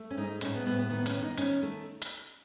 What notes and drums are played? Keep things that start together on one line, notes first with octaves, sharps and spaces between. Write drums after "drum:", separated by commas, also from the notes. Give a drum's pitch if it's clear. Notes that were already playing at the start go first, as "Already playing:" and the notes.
Already playing: A3
C#4
G#2 D#4
A2 C#4, drum: hi-hat
B3
A2 B3
B3
D#3 B3
C#4, drum: hi-hat
D#3
D#4
D#3 C#4, drum: hi-hat
A3
drum: hi-hat